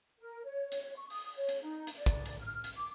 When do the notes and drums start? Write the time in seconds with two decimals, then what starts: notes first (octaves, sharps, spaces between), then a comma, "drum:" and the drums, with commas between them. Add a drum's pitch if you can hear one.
0.19 A#4
0.45 C#5
0.72 drum: hi-hat
0.96 C#6
1.10 D#6, drum: open hi-hat
1.36 C#5
1.49 drum: hi-hat
1.62 D#4
1.87 drum: hi-hat
1.96 D5
2.06 drum: kick, hi-hat
2.26 drum: hi-hat
2.40 F6
2.64 drum: hi-hat
2.75 D6